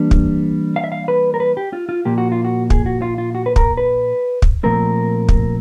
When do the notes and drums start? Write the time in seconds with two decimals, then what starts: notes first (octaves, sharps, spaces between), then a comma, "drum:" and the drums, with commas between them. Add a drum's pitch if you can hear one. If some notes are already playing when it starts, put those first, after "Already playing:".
Already playing: E3 G3 A#3 D4
0.11 drum: kick
0.76 F5
0.84 E5
0.92 F5
1.08 B4
1.34 A#4
1.40 B4
1.57 G4
1.73 F4
1.89 F4
2.05 A#2 F3 A#3 G4
2.18 F#4
2.32 F4
2.45 F#4
2.70 G#4, drum: kick
2.86 F#4
3.02 F4
3.18 F4
3.35 F#4
3.46 B4
3.56 A#4, drum: kick
3.77 B4
4.42 drum: kick
4.63 A#2 F3 A3 C4 A#4
5.29 drum: kick